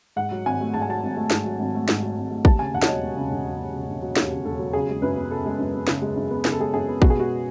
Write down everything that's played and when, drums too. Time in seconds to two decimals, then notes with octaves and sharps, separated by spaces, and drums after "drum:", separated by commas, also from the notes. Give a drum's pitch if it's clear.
0.16 G#2 F#5
0.31 F#3
0.46 G#1 G#5
0.60 A3
0.74 G#2 A5
0.82 G#5
0.89 F#3 A5
1.03 G#1
1.17 A3
1.31 G#2, drum: snare
1.45 F#3
1.59 G#1
1.75 A3
1.89 G#2, drum: snare
2.02 F#3
2.17 G#1
2.31 A3
2.45 D#2 A5, drum: kick
2.59 C#3 G#5
2.74 E1 F#5
2.82 C#5, drum: snare
2.88 F#3 D#5
3.03 D#2
3.17 C#3
3.32 E1
3.45 F#3
3.59 D#2
3.74 C#3
3.89 E1
4.02 F#3
4.16 D#2 C#5, drum: snare
4.32 C#3
4.45 E1 A4
4.59 F#3
4.73 C#3 G#4
4.89 G#3
5.02 F#2 B4
5.17 B3
5.31 C#3 A4
5.46 G#3
5.59 F#2
5.74 B3
5.88 C#3, drum: snare
6.02 G#3
6.16 F#2
6.31 B3
6.45 C#3 G#4, drum: snare
6.52 A4
6.60 G#3 G#4
6.74 F#2 G#4
6.88 B3
7.02 B2 F#4, drum: kick
7.10 G#4
7.17 G#3 F#4